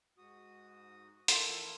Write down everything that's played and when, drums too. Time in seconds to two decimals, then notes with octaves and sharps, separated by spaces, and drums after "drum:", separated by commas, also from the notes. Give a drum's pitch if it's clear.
0.18 G#2 F#4 D#6
1.28 E3 E4 F4 A4 A#4 C6, drum: hi-hat